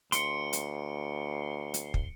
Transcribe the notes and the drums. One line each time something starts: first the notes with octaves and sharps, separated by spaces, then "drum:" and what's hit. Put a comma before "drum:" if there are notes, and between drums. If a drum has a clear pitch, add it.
D2 C6 C#7 D7, drum: hi-hat
drum: hi-hat
drum: hi-hat
drum: kick